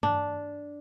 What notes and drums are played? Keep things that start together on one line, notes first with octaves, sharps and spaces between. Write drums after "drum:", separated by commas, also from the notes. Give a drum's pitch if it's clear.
D4, drum: tom G2